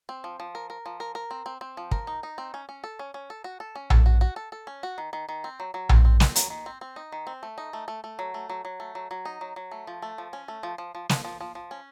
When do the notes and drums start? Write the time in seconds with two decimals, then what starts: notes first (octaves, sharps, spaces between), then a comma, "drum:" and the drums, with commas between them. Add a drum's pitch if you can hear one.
0.09 C4
0.24 F3
0.40 F3
0.55 A#4
0.70 A#4
0.86 F3
1.00 A#4
1.15 A#4
1.31 C4
1.46 C4
1.61 C4
1.77 F3
1.91 A#4, drum: kick
2.07 D#4
2.23 D#4
2.38 C4
2.54 C#4
2.69 C#4
2.84 A4
2.99 C#4
3.14 C#4
3.30 A4
3.44 F#4
3.60 A4
3.75 C#4
3.90 A4, drum: tom A#1
4.06 F#4
4.21 F#4
4.36 A4
4.52 A4
4.67 C#4
4.83 F#4
4.98 D#3
5.13 D#3
5.29 D#3
5.44 C4
5.60 F#3
5.74 F#3
5.89 C4, drum: tom A#1
6.05 C4
6.20 C4, drum: snare
6.36 F#3, drum: hi-hat
6.50 D#3
6.66 C4
6.81 C4
6.96 D#4
7.12 D#3
7.27 C4
7.43 A3
7.58 D#4
7.73 A3
7.88 A3
8.04 A3
8.19 F#3
8.34 A3
8.50 F#3
8.65 F#3
8.80 A3
8.95 F#3
9.11 F#3
9.25 D#4
9.41 F#3
9.56 F#3
9.71 A3
9.87 F3
10.02 A3
10.18 F3
10.33 C#4
10.48 A3
10.63 F3
10.78 F3
10.95 F3
11.09 F3, drum: snare
11.24 F3
11.40 F3
11.55 F3
11.71 C#4